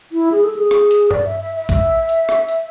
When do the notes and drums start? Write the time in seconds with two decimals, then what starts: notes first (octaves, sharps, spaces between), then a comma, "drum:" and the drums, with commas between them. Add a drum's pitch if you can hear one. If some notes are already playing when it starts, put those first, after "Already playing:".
0.12 E4
0.32 G#4
0.44 A4
0.56 G#4
0.71 drum: rim click
0.91 drum: hi-hat
1.11 D5, drum: tom G2
1.25 E5
1.40 E5
1.55 E5
1.69 E5, drum: kick A#1, hi-hat
2.09 drum: hi-hat
2.29 drum: rim click
2.48 drum: hi-hat